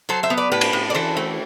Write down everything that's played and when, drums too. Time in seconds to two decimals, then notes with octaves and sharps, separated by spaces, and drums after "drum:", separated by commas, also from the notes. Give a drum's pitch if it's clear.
0.09 F#3 A4 C5
0.23 C5 E5
0.30 B3
0.37 B4 D5
0.52 A2 G4 B4
0.61 drum: cymbal
0.73 A2
0.90 D5
0.94 E3 A4 C5
1.17 A3